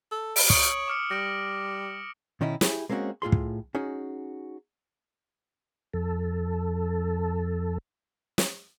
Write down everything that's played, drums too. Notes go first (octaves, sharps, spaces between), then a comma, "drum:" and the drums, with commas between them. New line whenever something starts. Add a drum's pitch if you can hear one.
A4
D7, drum: open hi-hat
C#5 D#6 F#7, drum: kick
D6 F6 C#7
G3 A#6 D7
B2 D#3 C#4 D#4 E4
E4 G4 G#4, drum: snare
G#3 A#3 C4 C#4 F#4
A2 F4 G#4 C6
drum: kick
C#4 D#4 F#4 G#4
F2 A4
drum: snare